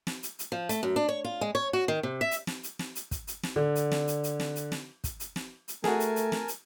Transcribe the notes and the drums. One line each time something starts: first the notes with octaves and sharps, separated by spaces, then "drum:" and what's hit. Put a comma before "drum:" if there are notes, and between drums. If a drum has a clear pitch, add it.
drum: snare
drum: hi-hat
drum: hi-hat
F3
A3, drum: hi-hat
F#2
D4
C#5
F4
G#3
C#5
F#4
D#3
C3
E5
drum: hi-hat
drum: snare
drum: hi-hat
drum: snare
drum: hi-hat
drum: kick, hi-hat
drum: hi-hat
drum: snare
D3
drum: hi-hat
drum: snare
drum: hi-hat
drum: hi-hat
drum: snare
drum: hi-hat
drum: snare
drum: kick, hi-hat
drum: hi-hat
drum: snare
drum: hi-hat
A3 F#4 G#4 A#4 G#5 A5, drum: snare
drum: hi-hat
drum: hi-hat
drum: snare
drum: hi-hat